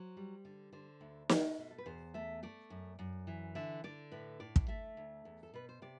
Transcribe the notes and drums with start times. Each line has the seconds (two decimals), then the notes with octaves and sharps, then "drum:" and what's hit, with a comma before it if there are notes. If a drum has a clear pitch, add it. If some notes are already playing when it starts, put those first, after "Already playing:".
Already playing: F#3 C5
0.17 G3
0.45 D3
0.73 D3 C5
1.01 D2
1.29 A3, drum: snare
1.58 B2
1.71 A4
1.78 B4
1.86 E2 C5
2.14 A3 E5
2.43 A3 D5
2.70 F#2
2.99 F#2
3.27 E3
3.55 D3 E5
3.84 D3 D5
4.11 A2 B4
4.40 A2 D5
4.56 drum: kick
4.68 A3 E5
4.97 D2
5.25 E2
5.43 A4
5.54 B2 B4
5.69 C5
5.82 C3 D5